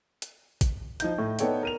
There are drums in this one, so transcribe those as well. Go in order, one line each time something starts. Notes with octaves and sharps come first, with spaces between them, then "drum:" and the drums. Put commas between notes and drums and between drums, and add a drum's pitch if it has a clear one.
drum: hi-hat
drum: kick G#1, hi-hat
F3 D#4 G6, drum: hi-hat
A2
B3 D#4 A4 C#5 D5 G5, drum: hi-hat
A#4 D#7 F7